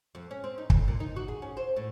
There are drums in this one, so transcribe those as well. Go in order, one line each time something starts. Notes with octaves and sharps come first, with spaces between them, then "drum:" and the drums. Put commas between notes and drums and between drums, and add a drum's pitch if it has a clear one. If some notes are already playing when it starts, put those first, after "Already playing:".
F2
C#4
C4
D#4
F2, drum: kick
A#2
D#4
F#4
G#4
C#4
C5
A2